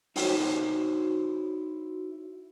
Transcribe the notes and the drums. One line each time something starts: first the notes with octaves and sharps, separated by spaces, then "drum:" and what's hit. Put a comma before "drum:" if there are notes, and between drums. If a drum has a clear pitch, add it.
D#4 E4 F#4 C5 C#5, drum: open hi-hat